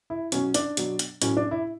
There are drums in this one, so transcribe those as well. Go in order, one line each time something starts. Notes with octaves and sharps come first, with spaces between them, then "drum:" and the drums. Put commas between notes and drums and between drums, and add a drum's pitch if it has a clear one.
E4
B2 F#3 C#4, drum: hi-hat
D4, drum: hi-hat
B2 F#3, drum: hi-hat
drum: hi-hat
A2 F#3 C#4, drum: hi-hat
D4
E4